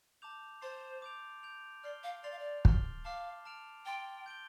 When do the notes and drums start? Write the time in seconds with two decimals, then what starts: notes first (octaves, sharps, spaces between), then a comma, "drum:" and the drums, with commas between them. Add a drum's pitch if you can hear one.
0.22 A5 D6 G6 F7
0.62 C5 A5 C6 A6 C7
1.02 D6 G6 D7 F7
1.43 G6 D7 F7
1.84 D5 F6 C7 G7
2.03 F5
2.23 D5 C6 A6 C7 F7
2.32 F5
2.39 D5
2.65 F6 C7 G7, drum: kick
3.05 F5 A5 D6 F6 C7
3.45 A5 F6 D7 F7
3.85 G5 C6 A6 D7 G7
4.26 G6 D7 G7